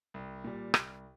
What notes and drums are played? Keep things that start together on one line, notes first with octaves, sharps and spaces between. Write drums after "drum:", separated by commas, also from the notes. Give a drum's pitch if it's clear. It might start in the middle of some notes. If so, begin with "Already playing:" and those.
C2
A#2 G3
C2, drum: rim click